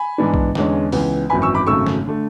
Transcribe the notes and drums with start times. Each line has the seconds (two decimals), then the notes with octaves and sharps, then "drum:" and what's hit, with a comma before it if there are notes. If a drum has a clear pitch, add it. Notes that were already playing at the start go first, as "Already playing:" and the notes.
Already playing: G#5 B5
0.18 G#2 E3 B3 D4
0.34 drum: kick B1
0.55 E2 D3 G#3 C#4, drum: snare
0.92 C#2 C#3 E3 B3, drum: open hi-hat
1.30 G#1 F#2 E3 G#5 B5
1.42 C#6 E6
1.54 B5 D6
1.67 G#1 F#2 C#3 F#3 A3 C#6 E6
1.87 drum: snare
2.07 D3 A3